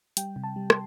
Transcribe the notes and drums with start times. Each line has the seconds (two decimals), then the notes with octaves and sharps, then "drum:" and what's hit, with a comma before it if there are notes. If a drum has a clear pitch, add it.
0.17 G3 G5, drum: hi-hat
0.36 C3
0.44 A5
0.56 G3
0.70 C6, drum: rim click